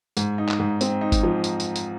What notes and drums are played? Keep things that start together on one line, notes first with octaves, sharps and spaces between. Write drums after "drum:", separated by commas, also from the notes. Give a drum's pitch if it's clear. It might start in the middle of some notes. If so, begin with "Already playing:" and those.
G#2, drum: tambourine
D#4
drum: clap
G#2
C4, drum: tambourine
D#4
drum: kick G1, tambourine
F3
drum: tambourine
drum: tambourine
drum: tambourine